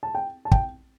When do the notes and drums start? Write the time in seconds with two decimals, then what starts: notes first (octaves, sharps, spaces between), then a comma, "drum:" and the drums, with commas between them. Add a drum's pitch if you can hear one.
0.03 A5
0.15 G5
0.45 A5
0.51 G5, drum: kick